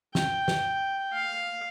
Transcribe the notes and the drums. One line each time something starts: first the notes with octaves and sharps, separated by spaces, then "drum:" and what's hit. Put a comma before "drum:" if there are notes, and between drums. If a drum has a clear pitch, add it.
G5, drum: snare
drum: snare
F5